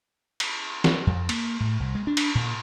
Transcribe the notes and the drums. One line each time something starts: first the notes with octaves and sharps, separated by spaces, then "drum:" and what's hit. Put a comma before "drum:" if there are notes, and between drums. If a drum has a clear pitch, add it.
drum: cymbal
drum: snare
F2
A#3, drum: cymbal
A2
C2
G#3
D4
drum: cymbal
A#2